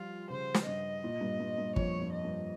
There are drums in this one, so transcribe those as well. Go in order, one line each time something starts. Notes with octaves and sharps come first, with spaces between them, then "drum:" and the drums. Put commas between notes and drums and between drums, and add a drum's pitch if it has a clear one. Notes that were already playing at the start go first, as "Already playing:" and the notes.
Already playing: F3 G3 F4
C#3 C5
drum: snare
G2 D#5
A#2
G2
G2
G2
F2 C#5, drum: kick
G2
D#5
G2